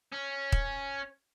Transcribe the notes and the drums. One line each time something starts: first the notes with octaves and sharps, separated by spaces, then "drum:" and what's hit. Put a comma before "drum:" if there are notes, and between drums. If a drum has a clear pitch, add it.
C#4
drum: kick